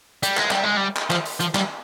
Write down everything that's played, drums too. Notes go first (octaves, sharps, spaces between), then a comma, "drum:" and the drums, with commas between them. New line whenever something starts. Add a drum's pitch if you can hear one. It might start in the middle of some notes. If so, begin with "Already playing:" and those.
G3, drum: hi-hat
G#3, drum: clap
G3, drum: clap
G#3
G3
drum: clap
F3, drum: clap
drum: open hi-hat
F3, drum: hi-hat
G3, drum: clap